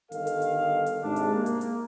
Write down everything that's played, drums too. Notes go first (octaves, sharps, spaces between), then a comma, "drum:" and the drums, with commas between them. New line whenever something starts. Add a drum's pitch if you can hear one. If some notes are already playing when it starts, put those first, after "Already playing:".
G1 D#3 A4 F5, drum: hi-hat
drum: hi-hat
drum: hi-hat
drum: hi-hat
G#2 C3 G#3 D4
drum: hi-hat
A#3
drum: hi-hat
drum: hi-hat